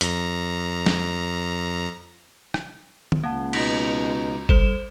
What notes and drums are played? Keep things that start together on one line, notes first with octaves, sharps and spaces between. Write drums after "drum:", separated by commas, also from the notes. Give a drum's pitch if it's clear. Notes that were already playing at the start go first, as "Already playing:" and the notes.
F2 A#5, drum: hi-hat
drum: snare
drum: rim click
drum: tom
C#2 A#3 F5 F#5 A5
B2 D#4 A#5 A#6 B6, drum: cymbal
G3 A4 C5 E7, drum: kick G1